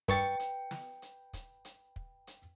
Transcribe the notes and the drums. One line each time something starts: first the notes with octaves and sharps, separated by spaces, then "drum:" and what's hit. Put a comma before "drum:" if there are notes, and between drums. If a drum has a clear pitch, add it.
G2 B4 G5 C#6 A6 C#7, drum: kick, hi-hat
drum: hi-hat
drum: snare
drum: hi-hat
drum: kick, hi-hat
drum: hi-hat
drum: kick
drum: hi-hat